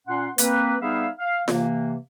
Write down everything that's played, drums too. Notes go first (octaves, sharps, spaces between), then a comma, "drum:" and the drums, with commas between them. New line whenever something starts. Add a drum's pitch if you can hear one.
A#2 C#4 F#5 C6
A#3 C4 B4, drum: hi-hat
G3 B3 D#4 G#4 E5 F5
F5
C3 E3 A#3, drum: snare F4